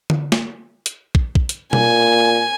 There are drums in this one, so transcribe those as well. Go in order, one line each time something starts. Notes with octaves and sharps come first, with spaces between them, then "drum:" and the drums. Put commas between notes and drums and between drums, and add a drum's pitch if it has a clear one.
drum: tom D3
drum: snare
drum: hi-hat
drum: kick
drum: kick
drum: hi-hat
A#2 G#5, drum: tom B2